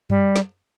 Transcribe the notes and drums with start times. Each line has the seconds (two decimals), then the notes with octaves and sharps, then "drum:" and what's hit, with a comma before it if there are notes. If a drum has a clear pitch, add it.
0.10 G3, drum: tom F#2
0.36 drum: snare